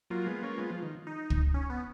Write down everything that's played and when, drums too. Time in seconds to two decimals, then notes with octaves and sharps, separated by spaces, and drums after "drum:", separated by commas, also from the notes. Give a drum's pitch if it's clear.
0.10 F#3 A#3 F4
0.26 G#3 B3
0.43 A#3 C#4
0.58 G#3 B3
0.70 F3
0.82 D#3
1.07 D#4
1.30 drum: kick
1.54 C#4
1.70 B3